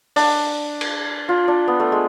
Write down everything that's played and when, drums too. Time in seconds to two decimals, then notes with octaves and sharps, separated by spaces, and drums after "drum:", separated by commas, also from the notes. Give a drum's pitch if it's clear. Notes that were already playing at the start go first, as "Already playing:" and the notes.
0.16 D4, drum: open hi-hat
0.81 drum: cymbal
1.29 F4
1.48 D4
1.68 B3
1.80 A3
1.92 G#3